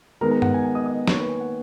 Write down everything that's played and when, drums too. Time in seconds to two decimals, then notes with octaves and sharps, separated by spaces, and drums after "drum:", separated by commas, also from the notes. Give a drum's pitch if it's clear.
0.21 D#3 G#3 B3 A#4 A#5
0.31 A#4 A#5
0.42 F#5, drum: tom G2
0.54 G#5
0.65 G#5
0.75 D#5 D#6
0.86 D#5 D#6
1.08 D#3 A#3 C#5 C#6, drum: snare
1.18 B4 B5
1.29 G#5
1.40 F#5